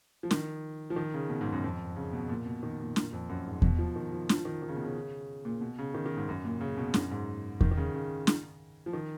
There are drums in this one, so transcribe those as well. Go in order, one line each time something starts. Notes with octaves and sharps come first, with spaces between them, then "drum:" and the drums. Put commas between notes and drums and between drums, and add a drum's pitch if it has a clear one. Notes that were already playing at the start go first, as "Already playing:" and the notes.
F3
D#3, drum: snare
F3
D#3
C#3
B2
G#2
F#2
F2
C#3
B2
A#2
B2
D#3
A#2
A#2, drum: snare
F2
F#2
G#2
B2, drum: kick E2
F3
D#3
F3
F3, drum: snare
D#3
D#3
C#3
B2
C#3
A#2
B2
C#3
D#3
D#3
G#2
F#2
A#2
C#3
B2
F#2, drum: snare
G#2
D#3, drum: kick E2
D#3
C#3
C#3
drum: snare
F3
D#3